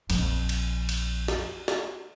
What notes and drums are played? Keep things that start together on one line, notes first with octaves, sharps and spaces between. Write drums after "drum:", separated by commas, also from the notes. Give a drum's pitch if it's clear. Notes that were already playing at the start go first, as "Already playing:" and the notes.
A#1 F2, drum: cymbal
drum: cymbal
drum: cymbal
drum: snare
drum: snare